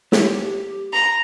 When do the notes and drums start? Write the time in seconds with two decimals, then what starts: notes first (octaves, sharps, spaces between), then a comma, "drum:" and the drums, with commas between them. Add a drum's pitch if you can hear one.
0.12 G4, drum: snare
0.93 A#5